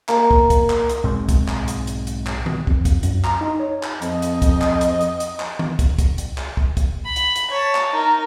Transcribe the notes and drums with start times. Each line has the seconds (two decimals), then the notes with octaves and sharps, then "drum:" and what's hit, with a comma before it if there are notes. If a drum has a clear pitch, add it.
0.09 A#3, drum: clap
0.31 drum: kick
0.50 drum: kick, hi-hat
0.70 drum: clap
0.89 drum: hi-hat
1.04 B1 G#2 G#3 C4
1.29 drum: kick, hi-hat
1.48 drum: clap
1.68 drum: hi-hat
1.87 drum: hi-hat
2.07 drum: hi-hat
2.26 drum: clap
2.46 drum: tom D#3
2.67 F2, drum: kick
2.85 drum: kick, hi-hat
3.03 F#2, drum: hi-hat
3.24 A#5, drum: clap
3.41 D#4
3.60 C#5
3.83 drum: clap
4.02 F2 D#5, drum: hi-hat
4.22 drum: hi-hat
4.42 drum: kick, hi-hat
4.61 drum: clap
4.81 drum: hi-hat
5.01 drum: hi-hat
5.20 drum: hi-hat
5.40 drum: clap
5.59 drum: tom D#3
5.79 drum: kick, hi-hat
5.99 drum: kick, hi-hat
6.18 drum: hi-hat
6.38 drum: clap
6.57 drum: kick
6.77 drum: kick, hi-hat
7.05 B5
7.16 drum: hi-hat
7.36 drum: hi-hat
7.51 C#5 A5
7.75 drum: clap
7.91 D#4 A#4